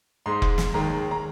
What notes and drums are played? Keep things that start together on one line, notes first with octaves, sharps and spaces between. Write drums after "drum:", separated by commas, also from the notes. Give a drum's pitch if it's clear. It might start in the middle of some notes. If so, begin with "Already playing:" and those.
G#2 G#3 C6
drum: kick F1
drum: snare
D#2 D#3 G#3 A#5
A#5